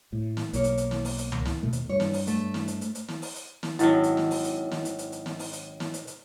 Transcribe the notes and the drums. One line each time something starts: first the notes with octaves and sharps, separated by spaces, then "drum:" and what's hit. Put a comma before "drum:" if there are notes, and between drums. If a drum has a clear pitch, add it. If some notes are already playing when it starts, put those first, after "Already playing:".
A2
drum: snare
B1 A#3 C#5, drum: hi-hat
drum: hi-hat
drum: hi-hat
drum: snare
drum: open hi-hat
drum: hi-hat
drum: tom C#2
drum: snare
D#2 B2 A3
drum: hi-hat
G2 C#5
drum: snare
drum: open hi-hat
A3, drum: hi-hat
drum: snare
drum: hi-hat
drum: hi-hat
drum: hi-hat
drum: snare
drum: open hi-hat
drum: hi-hat
drum: snare
G#1 F#2 F#3 E4, drum: hi-hat
drum: hi-hat
drum: snare
drum: open hi-hat
drum: hi-hat
drum: snare
drum: hi-hat
drum: hi-hat
drum: hi-hat
drum: snare
drum: open hi-hat
drum: hi-hat
drum: snare
drum: hi-hat
drum: hi-hat